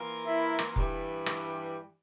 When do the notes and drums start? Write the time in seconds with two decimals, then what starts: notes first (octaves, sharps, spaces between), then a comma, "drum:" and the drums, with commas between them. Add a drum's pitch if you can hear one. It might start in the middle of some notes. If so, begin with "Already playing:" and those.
Already playing: E3 A#3 F4 A#4
0.25 E4
0.59 drum: rim click
0.76 G2 E3 G3, drum: kick
1.26 drum: rim click